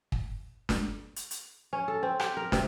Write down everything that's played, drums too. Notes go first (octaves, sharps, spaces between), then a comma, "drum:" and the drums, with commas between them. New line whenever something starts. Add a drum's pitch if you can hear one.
drum: kick
drum: snare
drum: hi-hat
drum: hi-hat
C#4
A4
C4
G4, drum: rim click
A#4
C3, drum: snare